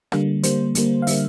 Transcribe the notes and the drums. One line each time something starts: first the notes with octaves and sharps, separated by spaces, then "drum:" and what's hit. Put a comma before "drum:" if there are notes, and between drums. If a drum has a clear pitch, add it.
D3 G3 A#3, drum: rim click
D3 G3 A#3 C5, drum: hi-hat
D3 G3 A#3, drum: hi-hat
F5
D3 G3 A#3 E5, drum: open hi-hat